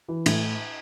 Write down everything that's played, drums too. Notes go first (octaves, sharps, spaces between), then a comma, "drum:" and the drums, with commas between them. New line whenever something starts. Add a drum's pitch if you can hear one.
E3
A2, drum: cymbal